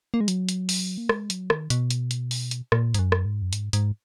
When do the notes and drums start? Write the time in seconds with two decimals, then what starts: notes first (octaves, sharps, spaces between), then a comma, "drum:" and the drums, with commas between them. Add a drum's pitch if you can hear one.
0.14 A#3
0.21 G#3
0.28 F#3, drum: hi-hat
0.49 drum: hi-hat
0.69 drum: open hi-hat
0.98 A#3
1.09 G#3, drum: rim click
1.30 F#3, drum: hi-hat
1.50 D#3, drum: rim click
1.70 B2, drum: hi-hat
1.90 drum: hi-hat
2.11 drum: hi-hat
2.31 drum: open hi-hat
2.51 drum: hi-hat
2.72 A#2, drum: rim click
2.94 G#2, drum: hi-hat
2.99 F#2
3.12 drum: rim click
3.25 G#2
3.42 F#2
3.53 G#2, drum: hi-hat
3.73 G#2, drum: hi-hat